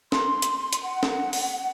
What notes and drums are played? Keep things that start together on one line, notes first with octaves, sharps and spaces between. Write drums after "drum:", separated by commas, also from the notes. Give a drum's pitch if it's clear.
C6, drum: snare
drum: hi-hat
drum: hi-hat
F#5
drum: snare
drum: open hi-hat